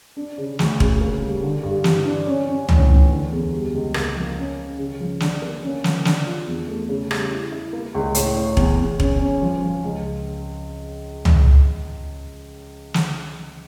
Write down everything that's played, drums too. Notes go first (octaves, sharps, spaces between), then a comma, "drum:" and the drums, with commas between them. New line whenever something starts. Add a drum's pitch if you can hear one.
D4
C#3
D2, drum: snare
C#3, drum: kick E1
A#3
G3
D3
G2
E3, drum: snare
D4
C#4
C#4
A2, drum: tom C#2
E3
D3
E2
G3
C#2
A#3, drum: rim click
F3
C#4
C#4
C#3
F3
D4, drum: snare
A#3
C#4
F3, drum: snare
D4, drum: snare
F4
E2
A3
C#3
G3, drum: rim click
E4
E4
A#3
C#2
A2, drum: hi-hat
A2
E2, drum: kick E1
E2
C#4, drum: kick E1
C#4
F3
F3
C#2
drum: tom C#2
drum: snare